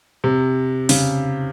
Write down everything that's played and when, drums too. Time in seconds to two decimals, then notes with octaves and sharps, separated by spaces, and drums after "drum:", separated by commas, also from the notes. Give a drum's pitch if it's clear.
0.24 C3
0.89 C#3, drum: open hi-hat